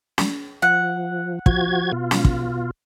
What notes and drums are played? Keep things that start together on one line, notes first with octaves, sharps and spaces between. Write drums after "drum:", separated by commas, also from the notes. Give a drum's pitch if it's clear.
drum: snare
F3 F#5
F3 F#4 G#6, drum: kick
B2 F4
drum: snare
drum: kick